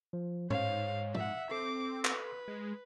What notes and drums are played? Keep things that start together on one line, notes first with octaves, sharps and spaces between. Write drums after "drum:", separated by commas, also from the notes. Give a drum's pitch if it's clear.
F3
G#2 C5 C#5 F5, drum: tom A2
E5 F#5, drum: tom
C4 A4 D6 C7
B4, drum: clap
G#3